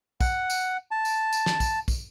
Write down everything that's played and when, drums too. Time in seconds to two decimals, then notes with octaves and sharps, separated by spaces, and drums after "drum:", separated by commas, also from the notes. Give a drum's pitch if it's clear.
0.21 F#5, drum: kick, tambourine
0.50 drum: tambourine
0.91 A5
1.05 drum: tambourine
1.33 drum: tambourine
1.46 drum: snare
1.60 drum: kick, tambourine
1.88 drum: kick, tambourine